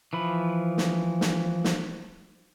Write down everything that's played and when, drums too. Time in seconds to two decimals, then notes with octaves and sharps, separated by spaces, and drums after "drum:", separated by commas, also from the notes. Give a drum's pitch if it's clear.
0.13 E3 F3 B5
0.78 drum: snare
1.21 drum: snare
1.64 drum: snare